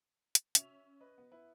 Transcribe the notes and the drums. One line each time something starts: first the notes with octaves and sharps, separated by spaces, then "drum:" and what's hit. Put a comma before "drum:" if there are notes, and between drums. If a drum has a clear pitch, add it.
drum: hi-hat
C#4 E5 F7, drum: hi-hat
B4 D#5
B3
E4 B4